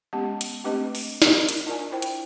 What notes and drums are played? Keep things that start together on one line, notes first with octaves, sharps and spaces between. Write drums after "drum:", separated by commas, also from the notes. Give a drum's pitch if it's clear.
G#3 B3 C#4 G4 A5
drum: hi-hat
A3 C4 D4 G4 B4 D#5
drum: open hi-hat
D4 E4 G4 A#4 D#5, drum: snare
drum: hi-hat
D4 F4 A#4 D5 G#5
E4 C5 G5
drum: hi-hat